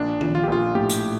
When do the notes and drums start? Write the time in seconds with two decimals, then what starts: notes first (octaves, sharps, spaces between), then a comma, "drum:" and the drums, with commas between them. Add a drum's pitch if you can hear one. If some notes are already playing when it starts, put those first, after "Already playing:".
Already playing: A#1 D4
0.21 F3, drum: tom D#3
0.35 F4
0.43 G4
0.48 A#1 F4
0.75 A2 G4
0.89 drum: hi-hat